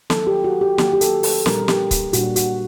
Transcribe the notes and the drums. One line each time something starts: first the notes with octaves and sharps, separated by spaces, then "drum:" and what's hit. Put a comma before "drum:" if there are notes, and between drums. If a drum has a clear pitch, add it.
D#3 F#3 A#3 A4, drum: snare
G4
F#4
G4
D#3 F#3 A#3 G4, drum: snare
G4
A4, drum: hi-hat
A4, drum: open hi-hat
A#2 G3 D4 A#4, drum: snare
G4, drum: snare
drum: kick C#1, hi-hat
A#2 G3 D4 F#4, drum: hi-hat
F#4, drum: hi-hat